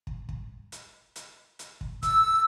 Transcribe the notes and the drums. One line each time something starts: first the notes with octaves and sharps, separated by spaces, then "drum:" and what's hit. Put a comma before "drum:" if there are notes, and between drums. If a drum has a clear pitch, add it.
drum: kick
drum: kick
drum: hi-hat
drum: hi-hat
drum: hi-hat
drum: kick
E6, drum: kick, hi-hat